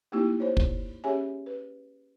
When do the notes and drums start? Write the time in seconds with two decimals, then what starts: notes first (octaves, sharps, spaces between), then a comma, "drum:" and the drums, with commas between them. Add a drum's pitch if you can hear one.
0.12 A3 A#3 C4 D#4 E4 G4
0.40 C5 C#5
0.57 drum: kick
1.04 C#4 G4 G#4 C#5 E5 G#5
1.46 B4